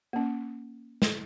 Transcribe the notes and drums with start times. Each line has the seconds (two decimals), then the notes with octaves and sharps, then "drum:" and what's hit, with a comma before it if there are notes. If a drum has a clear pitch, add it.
0.13 A#3 C#4
1.02 drum: snare